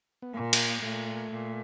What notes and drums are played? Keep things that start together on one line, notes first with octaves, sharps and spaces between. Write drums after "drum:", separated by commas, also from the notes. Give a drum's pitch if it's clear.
B3
A#2 A#3
drum: cymbal
A#2 A3
A#2